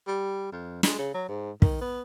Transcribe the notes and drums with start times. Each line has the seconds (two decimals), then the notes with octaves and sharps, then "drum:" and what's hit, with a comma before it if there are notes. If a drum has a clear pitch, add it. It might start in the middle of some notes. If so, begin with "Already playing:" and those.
0.07 G3
0.52 F2
0.83 G#3, drum: snare
0.98 C#3
1.14 F#3
1.28 G#2
1.62 D#3, drum: kick
1.81 B3